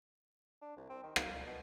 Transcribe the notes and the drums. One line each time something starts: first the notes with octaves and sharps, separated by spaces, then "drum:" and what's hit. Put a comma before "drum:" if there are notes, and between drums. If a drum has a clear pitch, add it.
D4
C2
C4
D#3
A#3, drum: rim click
A#2
B2